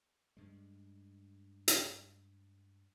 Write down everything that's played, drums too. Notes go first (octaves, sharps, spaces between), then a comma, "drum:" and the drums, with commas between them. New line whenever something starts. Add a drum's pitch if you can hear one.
G2 G#3
drum: hi-hat